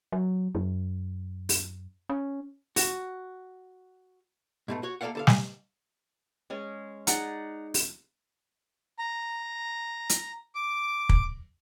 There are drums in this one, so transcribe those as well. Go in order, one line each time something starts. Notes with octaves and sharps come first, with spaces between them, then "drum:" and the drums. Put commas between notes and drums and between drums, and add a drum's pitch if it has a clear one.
F#3
F#2
drum: open hi-hat
C#4
F#4, drum: open hi-hat
G#2 B2 A3
F#4 C#5
A#3 A4 C#5 D5 F5 F#5
D3 A4 F5
G#5, drum: snare
G#3 C#4 G#4
D#4 G#4 D5 F#5 A#5, drum: hi-hat
drum: open hi-hat
A#5
drum: hi-hat
D6
drum: kick